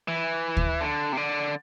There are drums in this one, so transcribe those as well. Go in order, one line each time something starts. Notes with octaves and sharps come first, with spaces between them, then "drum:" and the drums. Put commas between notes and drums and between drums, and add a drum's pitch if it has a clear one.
E3
drum: kick D2
D3
C3
D3